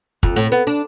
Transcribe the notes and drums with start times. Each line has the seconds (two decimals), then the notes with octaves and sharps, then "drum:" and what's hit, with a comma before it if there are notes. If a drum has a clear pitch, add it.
0.23 F2, drum: kick
0.36 A2
0.52 B3
0.67 D4